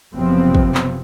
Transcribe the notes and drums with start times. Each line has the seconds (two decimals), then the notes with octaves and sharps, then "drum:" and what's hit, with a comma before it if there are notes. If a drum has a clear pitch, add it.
0.14 F#1 C3 F3 B3 C4
0.55 drum: kick
0.75 drum: clap